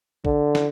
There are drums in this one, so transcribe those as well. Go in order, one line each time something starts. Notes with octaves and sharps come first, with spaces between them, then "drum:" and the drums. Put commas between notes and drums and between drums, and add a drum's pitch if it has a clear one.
D3, drum: kick
drum: snare